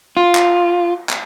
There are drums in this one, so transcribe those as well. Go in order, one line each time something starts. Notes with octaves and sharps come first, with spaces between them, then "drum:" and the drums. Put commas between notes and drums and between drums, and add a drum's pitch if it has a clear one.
F4
drum: clap
drum: clap